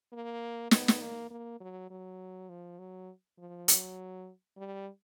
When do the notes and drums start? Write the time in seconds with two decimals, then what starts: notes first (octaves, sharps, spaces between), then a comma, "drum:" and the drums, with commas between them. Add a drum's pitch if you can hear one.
0.13 A#3
0.71 B3, drum: snare
0.88 drum: snare
1.01 A#3
1.30 A#3
1.60 F#3
1.90 F#3
2.49 F3
2.79 F#3
3.38 F3
3.68 F#3, drum: hi-hat
4.57 G3